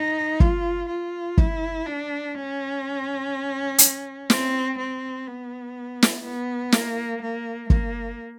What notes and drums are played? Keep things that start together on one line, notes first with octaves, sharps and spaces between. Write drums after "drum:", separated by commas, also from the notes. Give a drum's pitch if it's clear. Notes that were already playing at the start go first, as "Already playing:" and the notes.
Already playing: D#4
F4, drum: kick G1
F4
E4, drum: kick G1
D4
C#4
drum: hi-hat
C4, drum: snare
C4
B3
drum: snare
B3
A#3, drum: snare
A#3
A#3, drum: kick G1